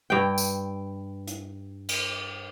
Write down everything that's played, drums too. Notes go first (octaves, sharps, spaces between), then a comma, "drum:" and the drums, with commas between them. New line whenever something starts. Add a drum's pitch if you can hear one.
G2 G5
drum: tambourine
drum: hi-hat
drum: cymbal